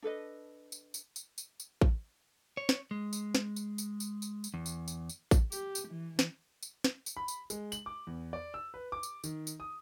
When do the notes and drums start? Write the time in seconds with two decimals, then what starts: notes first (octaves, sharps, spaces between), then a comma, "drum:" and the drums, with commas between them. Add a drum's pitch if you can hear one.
0.02 D4 A4 B4 D#5
0.72 drum: tambourine
0.94 drum: tambourine
1.16 drum: tambourine
1.38 drum: tambourine
1.60 drum: tambourine
1.81 drum: kick A1
2.57 C#5
2.69 drum: snare
2.91 G#3
3.13 drum: tambourine
3.35 drum: snare
3.56 drum: tambourine
3.78 drum: tambourine
4.00 drum: tambourine
4.22 drum: tambourine
4.44 drum: tambourine
4.54 E2
4.66 drum: tambourine
4.88 drum: tambourine
5.10 drum: tambourine
5.31 drum: kick A1, tambourine
5.52 G4, drum: tambourine
5.75 drum: tambourine
5.88 E3
6.19 drum: snare
6.63 drum: tambourine
6.84 drum: snare
7.06 drum: tambourine
7.17 B5
7.28 drum: tambourine
7.50 G#3, drum: tambourine
7.72 F#7, drum: tambourine
7.86 D6
8.07 E2
8.33 D5
8.54 E6
8.74 B4
8.92 D6
9.03 drum: tambourine
9.24 D#3, drum: tambourine
9.47 drum: tambourine
9.60 D#6